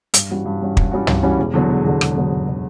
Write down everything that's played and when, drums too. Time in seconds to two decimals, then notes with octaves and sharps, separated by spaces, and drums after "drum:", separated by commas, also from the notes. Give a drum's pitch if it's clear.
0.14 G2, drum: hi-hat
0.29 E3 G3 C#4 F#4
0.46 G2
0.61 E3 G3 C#4 F#4
0.77 G2, drum: kick
0.91 E3 G3 C#4 F#4
1.07 G2, drum: tom
1.23 E3 G3 C#4 F#4
1.38 E1
1.54 E2 D3 F#3
1.69 E1
1.85 E2 D3 F#3
2.01 E1, drum: rim click
2.16 E2 D3 F#3
2.32 E1
2.48 D3 F#3